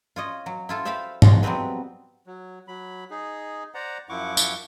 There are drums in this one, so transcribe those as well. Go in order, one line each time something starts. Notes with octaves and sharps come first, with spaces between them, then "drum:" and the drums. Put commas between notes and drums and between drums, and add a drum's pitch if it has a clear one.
F4 C#5 D#5
F#3
E4 F4 A4
C5 E5 F5 G5 B5
F3 G#3 F#4 A#5, drum: tom
F#3 G3 B3 C4 B4
F#3
F#3 B5
D#4 G#4
C5 D5 F#5 A#5
F#2 F3 E4 F#5 C#6 D6
drum: tambourine